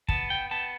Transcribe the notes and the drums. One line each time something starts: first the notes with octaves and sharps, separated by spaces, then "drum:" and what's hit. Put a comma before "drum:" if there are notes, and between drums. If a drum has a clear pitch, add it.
B3 A5, drum: kick
G5
B3 A5